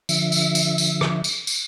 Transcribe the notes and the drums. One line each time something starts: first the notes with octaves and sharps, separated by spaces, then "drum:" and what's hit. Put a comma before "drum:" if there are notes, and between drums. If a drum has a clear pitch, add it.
D3 F3 E5, drum: tambourine
drum: tambourine
drum: tambourine
drum: tambourine
drum: rim click
drum: tambourine
drum: tambourine